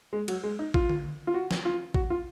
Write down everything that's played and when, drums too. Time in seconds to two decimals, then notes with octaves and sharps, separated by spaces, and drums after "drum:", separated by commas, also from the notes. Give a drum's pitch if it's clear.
0.13 G#3
0.28 F#3, drum: cymbal
0.43 G#3
0.59 D#4
0.74 F4, drum: kick A#1
0.89 drum: tom D3
1.27 F4
1.34 F#4
1.51 drum: snare
1.65 F4
1.94 F#4, drum: kick A#1
2.10 F4